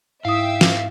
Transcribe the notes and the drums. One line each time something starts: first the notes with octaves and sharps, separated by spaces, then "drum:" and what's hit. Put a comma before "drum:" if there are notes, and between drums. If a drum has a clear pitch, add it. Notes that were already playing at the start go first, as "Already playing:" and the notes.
G#2 E4 E5 F5 G5 D#6 E6
drum: snare